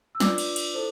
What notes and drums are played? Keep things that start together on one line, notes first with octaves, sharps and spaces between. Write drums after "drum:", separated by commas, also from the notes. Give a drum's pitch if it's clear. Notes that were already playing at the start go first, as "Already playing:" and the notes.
E6
D4 F4 B4 D5 D6, drum: snare
drum: cymbal
drum: cymbal
E4 A4 C5